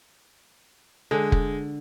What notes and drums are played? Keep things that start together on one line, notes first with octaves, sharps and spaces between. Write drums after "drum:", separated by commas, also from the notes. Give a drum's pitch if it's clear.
D3 G#3
drum: kick